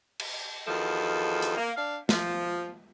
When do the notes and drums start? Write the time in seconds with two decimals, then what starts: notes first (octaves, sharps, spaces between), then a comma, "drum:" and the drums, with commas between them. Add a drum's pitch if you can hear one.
0.20 drum: cymbal
0.67 E2 D#3 F3 F#4 A4
1.42 drum: hi-hat
1.58 A#3
1.76 D4 F5
2.09 F3, drum: snare